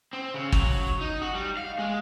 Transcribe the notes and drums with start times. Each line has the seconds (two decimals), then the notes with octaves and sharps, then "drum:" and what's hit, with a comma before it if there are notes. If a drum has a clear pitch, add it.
0.13 C4
0.34 C#3
0.52 F#3, drum: kick G1
1.01 D#4
1.22 F#4
1.34 G3
1.57 F5
1.79 G#3